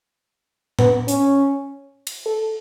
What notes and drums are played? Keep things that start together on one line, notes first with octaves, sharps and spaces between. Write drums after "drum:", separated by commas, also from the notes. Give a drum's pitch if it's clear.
B3, drum: tom A2
C#4, drum: hi-hat
drum: cymbal
A4